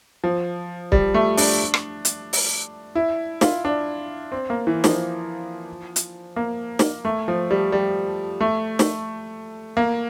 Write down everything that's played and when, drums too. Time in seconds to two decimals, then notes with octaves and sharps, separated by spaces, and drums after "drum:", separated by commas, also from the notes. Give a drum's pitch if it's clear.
0.24 F3
0.92 G3, drum: kick
1.14 A3
1.37 D4, drum: open hi-hat
1.74 drum: rim click
2.05 drum: hi-hat
2.33 drum: open hi-hat
2.95 E4
3.41 F4, drum: snare
3.65 D4
4.32 C4
4.50 A#3
4.67 E3
4.84 F3, drum: snare
5.96 drum: hi-hat
6.36 A#3
6.79 drum: snare
7.05 A3
7.28 F3
7.51 G3
7.72 G3
8.41 A3
8.79 drum: snare
9.77 A#3